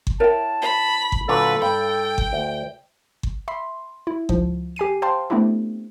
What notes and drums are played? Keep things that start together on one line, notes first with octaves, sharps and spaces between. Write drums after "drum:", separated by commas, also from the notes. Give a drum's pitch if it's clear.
drum: kick G1
E4 A#4 C#5 G5 A5
B5
drum: kick G1
A#2 D3 F#3 A4 B4
G2 G5 B5
drum: kick G1
D2
drum: kick G1
E5 B5 C6
E4
C#2 G#2 F3, drum: kick G1
G4 G#5 C7 D#7
C5 F5 G5 A5 C6
A3 B3 C4 D4 E4 G4